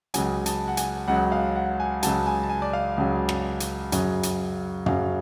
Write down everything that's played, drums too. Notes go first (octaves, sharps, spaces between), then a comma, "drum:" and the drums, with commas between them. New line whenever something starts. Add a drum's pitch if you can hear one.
C#2 C#3 F#3 G#5, drum: hi-hat
A5, drum: hi-hat
F#5
G#5, drum: hi-hat
C#2 C#3 F#3 F#5
F5
F#5
G#5
C#2 C#3 F#3 A5, drum: hi-hat
G#5
A5
G#5
D5
F5
C#2 C#3 F#3
drum: rim click
drum: hi-hat
F#2 C#3 F#3, drum: hi-hat
drum: hi-hat
F#2 C#3 F#3 F5, drum: tom